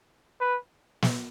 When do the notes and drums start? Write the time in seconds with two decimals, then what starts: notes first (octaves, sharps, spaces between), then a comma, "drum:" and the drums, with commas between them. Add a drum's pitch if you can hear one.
0.40 B4
1.02 drum: snare